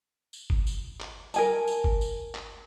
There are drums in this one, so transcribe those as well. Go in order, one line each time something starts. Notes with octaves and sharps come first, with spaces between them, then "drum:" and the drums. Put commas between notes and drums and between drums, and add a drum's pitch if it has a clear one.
drum: tambourine
drum: kick G1
drum: tambourine
drum: clap
A#4 G#5 A5, drum: tambourine
drum: tambourine
drum: kick G1
drum: tambourine
drum: clap